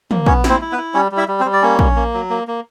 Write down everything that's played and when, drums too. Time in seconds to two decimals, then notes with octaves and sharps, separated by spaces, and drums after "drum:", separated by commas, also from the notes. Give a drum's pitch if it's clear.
0.11 A#3, drum: tom
0.26 B3 C#4 C#5, drum: kick
0.44 E4, drum: snare
0.49 C4 C5
0.62 E4
0.72 B3 B4
0.78 E4
0.94 G3 C#4 C#5
1.12 G3
1.17 E4 E5
1.28 G3
1.40 C4 C5
1.45 G3
1.53 D5
1.62 A#3 C#4 C#5
1.79 C#4, drum: kick
1.96 A#3
2.14 F#3
2.30 A#3
2.48 A#3